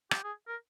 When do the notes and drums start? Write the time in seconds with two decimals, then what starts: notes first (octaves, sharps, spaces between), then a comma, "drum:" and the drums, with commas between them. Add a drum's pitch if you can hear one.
0.11 G4, drum: rim click
0.24 G#4
0.48 A#4